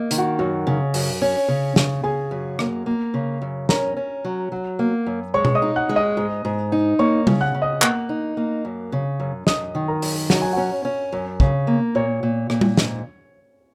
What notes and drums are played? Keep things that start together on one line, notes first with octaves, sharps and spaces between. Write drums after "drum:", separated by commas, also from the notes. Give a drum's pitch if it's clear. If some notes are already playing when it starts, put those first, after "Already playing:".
Already playing: A#3 D#5
D#3, drum: hi-hat
F#4 F#5
F#2 F#4 F#5
C#3
F#2, drum: open hi-hat
C#4
C#3
C#3, drum: snare
C#3 G#4 G#5
F#2
A#3, drum: rim click
A#3
C#3
F#2
C#4 A#4 A#5, drum: snare
C#4
F#3
F#3
A#3
F#2
G#3 C#5 C#6
drum: tom B2
D#5 D#6
D#4
F#5 F#6
G#3
D#5 D#6
G#2
G#2
D#4
A#3 C#5 C#6
C#3, drum: tom G3
F#5 F#6
C#3
D#5 D#6
A#3 F#5 F#6, drum: clap
D#4
A#3
F#2
C#3
F#2
F#2 D#5 D#6, drum: snare
D#3
A#4 A#5
F#2, drum: open hi-hat
F#3 F#5, drum: snare
G#5
C#4 F#4 F#5
C#4
F#2
C#3, drum: kick
A#3
A#2 C#5
A#2
A#2, drum: rim click
drum: tom G3
G#2, drum: snare